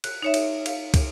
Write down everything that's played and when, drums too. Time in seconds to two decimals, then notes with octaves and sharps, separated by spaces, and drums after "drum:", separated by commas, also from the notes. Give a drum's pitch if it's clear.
0.04 F#6, drum: cymbal
0.22 D#4 C#5 E5
0.34 drum: cymbal
0.66 F5, drum: cymbal
0.94 drum: kick, cymbal